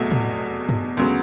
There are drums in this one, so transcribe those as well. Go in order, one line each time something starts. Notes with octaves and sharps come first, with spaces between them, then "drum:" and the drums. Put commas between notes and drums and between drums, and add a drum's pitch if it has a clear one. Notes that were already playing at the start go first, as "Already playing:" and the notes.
Already playing: F1 E2 B2 F#3 A3
drum: tom A2
drum: tom G2
D2 C#3 F#3 B3